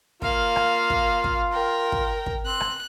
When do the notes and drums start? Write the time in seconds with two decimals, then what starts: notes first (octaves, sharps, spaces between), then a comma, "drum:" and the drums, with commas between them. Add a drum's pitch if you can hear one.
0.22 A#3 F4 F5, drum: kick
0.56 drum: rim click
0.90 drum: kick
1.24 drum: kick
1.52 A#4 G5
1.92 drum: kick
2.26 drum: kick
2.46 C4 F#6
2.60 drum: rim click